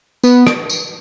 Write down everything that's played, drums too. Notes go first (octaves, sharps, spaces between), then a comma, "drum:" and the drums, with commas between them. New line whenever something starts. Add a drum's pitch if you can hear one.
B3, drum: tambourine
drum: rim click
drum: tambourine